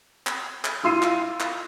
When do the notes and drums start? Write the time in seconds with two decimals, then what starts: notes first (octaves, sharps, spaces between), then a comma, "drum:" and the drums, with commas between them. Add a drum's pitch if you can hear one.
0.27 drum: clap
0.65 drum: clap
0.84 E4 F4 C6 E6 C7 D#7
1.02 drum: clap
1.40 drum: clap